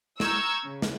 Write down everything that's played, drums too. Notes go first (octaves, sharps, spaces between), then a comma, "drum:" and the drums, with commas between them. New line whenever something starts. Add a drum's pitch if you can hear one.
A#5 C#6 E6 F6 G6 G#6, drum: snare
C#3
drum: snare